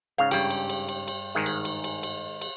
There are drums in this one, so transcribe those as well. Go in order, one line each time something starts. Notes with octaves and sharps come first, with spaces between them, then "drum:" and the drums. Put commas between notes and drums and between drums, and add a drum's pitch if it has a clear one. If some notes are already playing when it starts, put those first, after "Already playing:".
G#2 C#3 F5
G2 G4, drum: cymbal
drum: cymbal
drum: cymbal
drum: cymbal
drum: cymbal
G#2 D#3 G#3
drum: cymbal
drum: cymbal
drum: cymbal
drum: cymbal
drum: cymbal